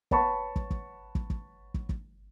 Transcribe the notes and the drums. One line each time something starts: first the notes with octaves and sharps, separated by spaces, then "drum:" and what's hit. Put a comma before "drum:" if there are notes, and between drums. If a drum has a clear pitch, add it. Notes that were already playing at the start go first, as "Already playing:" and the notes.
B4 C#5 F#5 A5 B5 C#6, drum: kick
drum: kick
drum: kick
drum: kick
drum: kick
drum: kick
drum: kick